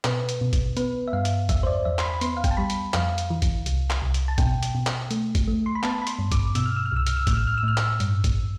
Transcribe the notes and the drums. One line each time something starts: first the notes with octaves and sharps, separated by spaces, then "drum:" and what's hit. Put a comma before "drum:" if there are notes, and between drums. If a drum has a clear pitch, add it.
B2 B4, drum: clap
drum: hi-hat
B2
drum: kick G#1, hi-hat
B3 B4, drum: hi-hat
E5
G2 F5
drum: hi-hat
E2 E5, drum: kick G#1, hi-hat
C5
D5
E2 E5
C6, drum: clap
B5
B3 C6, drum: hi-hat
F5
G5, drum: kick G#1, hi-hat
A5
G3 B5
drum: hi-hat
F2 F5, drum: clap
drum: hi-hat
E3
drum: kick G#1, hi-hat
C2, drum: hi-hat
drum: clap
C2
drum: hi-hat
A5
B2 G5, drum: kick G#1, hi-hat
drum: hi-hat
B2
drum: clap
A3, drum: hi-hat
drum: kick G#1, hi-hat
A3
C6
B5
B3 A5, drum: clap
B5
C6, drum: hi-hat
G2
D6, drum: kick G#1, hi-hat
B2 E6, drum: hi-hat
F6
E6
F6
C2 E6
F6, drum: hi-hat
E6
A2 F6, drum: kick G#1, hi-hat
E6
F6
E6
A2 F6
E6, drum: clap
G2, drum: hi-hat
drum: kick G#1, hi-hat